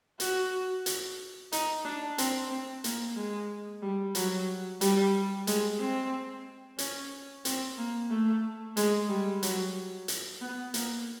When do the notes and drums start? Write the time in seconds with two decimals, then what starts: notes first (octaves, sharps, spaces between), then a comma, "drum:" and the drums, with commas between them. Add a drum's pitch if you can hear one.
0.20 F#4, drum: hi-hat
0.86 drum: hi-hat
1.52 D#4, drum: hi-hat
1.85 D4
2.18 C4, drum: hi-hat
2.51 C4
2.84 A#3, drum: hi-hat
3.16 G#3
3.82 G3
4.15 F#3, drum: hi-hat
4.81 G3, drum: hi-hat
5.47 G#3, drum: hi-hat
5.80 C4
6.78 C#4, drum: hi-hat
7.45 C4, drum: hi-hat
7.78 A#3
8.10 A3
8.77 G#3, drum: hi-hat
9.09 G3
9.43 F#3, drum: hi-hat
10.08 drum: hi-hat
10.41 B3
10.74 A#3, drum: hi-hat